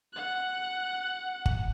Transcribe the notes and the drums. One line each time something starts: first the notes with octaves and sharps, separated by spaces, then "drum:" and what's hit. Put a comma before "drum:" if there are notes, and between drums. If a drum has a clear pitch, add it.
F#5 F#6
drum: kick G1